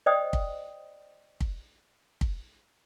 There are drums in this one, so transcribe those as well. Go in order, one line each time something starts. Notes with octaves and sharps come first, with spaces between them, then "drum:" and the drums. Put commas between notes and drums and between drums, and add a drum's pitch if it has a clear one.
C5 D5 D#5 G5 D#6
drum: kick
drum: kick
drum: kick